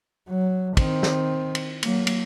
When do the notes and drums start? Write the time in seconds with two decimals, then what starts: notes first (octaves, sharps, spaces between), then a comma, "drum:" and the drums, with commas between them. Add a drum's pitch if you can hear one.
0.28 F#3
0.77 D#3 C4, drum: kick, cymbal
1.03 drum: snare
1.55 drum: cymbal
1.83 F#3 A#3, drum: cymbal
2.07 drum: cymbal